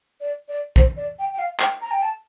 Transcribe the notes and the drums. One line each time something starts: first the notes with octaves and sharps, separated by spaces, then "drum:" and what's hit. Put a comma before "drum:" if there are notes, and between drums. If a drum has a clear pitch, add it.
D5
D5
C5, drum: kick
D5
G5
G5
F5
G5, drum: clap
A#5
G5
A5